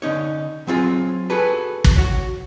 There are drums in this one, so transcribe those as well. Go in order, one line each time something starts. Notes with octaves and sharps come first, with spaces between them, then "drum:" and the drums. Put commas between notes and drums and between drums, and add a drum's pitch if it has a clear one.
D3 C#4 D#4 C#5
F#3 C4 F4 G#4
F#4 G#4 A4 B4
drum: kick
F#4 C#5